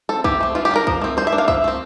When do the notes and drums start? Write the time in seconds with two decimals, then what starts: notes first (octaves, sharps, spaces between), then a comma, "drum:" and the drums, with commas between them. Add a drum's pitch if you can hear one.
0.09 C4 A4
0.24 E3 G4, drum: kick
0.41 A3 C4
0.55 E3 F4
0.65 G4
0.71 G3 D4 A#4
0.87 F3, drum: kick
1.02 A3 C4
1.17 G3 C5
1.27 E5
1.32 A#3 D4
1.38 F5
1.48 F3 E5, drum: kick
1.64 A3 C4